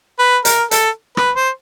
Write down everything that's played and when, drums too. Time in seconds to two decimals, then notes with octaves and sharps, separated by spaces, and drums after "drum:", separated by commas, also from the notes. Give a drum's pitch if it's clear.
0.19 B4
0.45 A#4, drum: hi-hat
0.71 A4, drum: hi-hat
1.17 B4, drum: rim click
1.36 C5